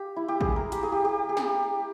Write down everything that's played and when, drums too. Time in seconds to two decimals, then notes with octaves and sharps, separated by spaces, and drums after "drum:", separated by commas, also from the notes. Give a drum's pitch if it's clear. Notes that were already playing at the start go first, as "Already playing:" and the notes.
Already playing: G4
0.16 E4
0.28 G4
0.41 G#4, drum: kick
0.56 A#4
0.72 G4, drum: hi-hat
0.83 G#4
0.92 G4
1.05 G4
1.29 G#4
1.37 G4, drum: snare